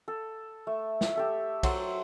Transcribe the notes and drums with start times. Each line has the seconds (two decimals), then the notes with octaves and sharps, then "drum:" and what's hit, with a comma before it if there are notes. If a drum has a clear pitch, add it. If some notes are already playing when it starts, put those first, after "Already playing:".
0.08 A4
0.67 A3
1.01 drum: snare
1.15 G4 A4 E5
1.63 F#3 A4 C5, drum: kick, cymbal